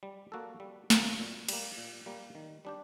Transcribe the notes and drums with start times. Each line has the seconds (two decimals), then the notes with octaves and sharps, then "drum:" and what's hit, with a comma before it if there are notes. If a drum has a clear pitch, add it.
0.03 G3
0.32 A#3 F#4 A4
0.60 G3
0.90 A#3 F#4 A4, drum: snare
1.19 A#2
1.49 G3 A#3, drum: cymbal
1.78 A#2
2.06 G3 A#3
2.35 D#3
2.65 G3 D4 G4